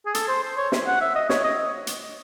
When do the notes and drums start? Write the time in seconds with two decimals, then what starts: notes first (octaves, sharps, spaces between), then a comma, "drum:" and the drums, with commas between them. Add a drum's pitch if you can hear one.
0.06 G#4
0.15 A4, drum: hi-hat
0.29 C5
0.44 C5
0.58 C#5
0.72 drum: snare
0.87 F#5
1.01 E5
1.15 D#5
1.29 C#5, drum: snare
1.44 D#5
1.87 drum: hi-hat